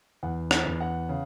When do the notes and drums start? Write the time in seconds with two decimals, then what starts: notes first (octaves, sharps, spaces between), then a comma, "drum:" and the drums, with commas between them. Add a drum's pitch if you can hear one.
0.23 E2 F#5
0.51 F#5, drum: rim click
0.66 E2
0.80 F#5
1.09 C#3